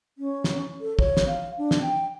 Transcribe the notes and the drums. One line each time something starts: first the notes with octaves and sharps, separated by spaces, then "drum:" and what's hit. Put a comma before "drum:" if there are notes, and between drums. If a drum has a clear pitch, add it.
C#4
drum: snare
A4
C#5, drum: kick
drum: snare
F5
D4
drum: snare
G5